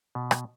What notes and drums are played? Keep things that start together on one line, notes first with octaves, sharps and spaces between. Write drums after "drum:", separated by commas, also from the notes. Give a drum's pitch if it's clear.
B2
drum: rim click